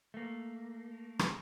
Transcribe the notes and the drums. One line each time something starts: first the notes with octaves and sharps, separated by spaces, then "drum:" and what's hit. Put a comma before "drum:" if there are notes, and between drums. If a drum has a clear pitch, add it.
A3 A#3
drum: rim click